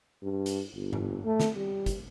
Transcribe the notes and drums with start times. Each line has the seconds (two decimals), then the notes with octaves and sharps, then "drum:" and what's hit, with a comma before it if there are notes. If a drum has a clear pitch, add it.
0.23 G2
0.46 drum: hi-hat
0.75 G1
0.93 drum: tom G#2
1.25 A3
1.40 drum: snare
1.56 G3
1.86 drum: kick, hi-hat